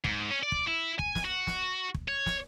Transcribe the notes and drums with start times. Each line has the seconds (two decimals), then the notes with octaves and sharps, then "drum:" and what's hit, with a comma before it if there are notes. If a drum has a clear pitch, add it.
0.04 G#2, drum: kick
0.31 C#4
0.43 D5
0.52 drum: kick
0.67 E4
0.99 G#5, drum: kick
1.15 drum: snare
1.25 F#4
1.47 drum: snare
1.94 drum: kick
2.08 C#5
2.26 drum: snare